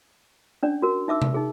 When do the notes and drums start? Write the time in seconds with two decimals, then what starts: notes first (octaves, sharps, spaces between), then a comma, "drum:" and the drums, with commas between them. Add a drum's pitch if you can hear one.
0.63 C#4 D4 D5
0.82 F#4 A#4
1.08 D#4 E5 D6 E6
1.22 drum: tom C3
1.34 D#4 G#4